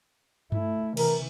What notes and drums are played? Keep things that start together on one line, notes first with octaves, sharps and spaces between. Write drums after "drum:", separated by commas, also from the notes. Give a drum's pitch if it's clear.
A3 E4, drum: tom G2
C3 E3 A#4, drum: cymbal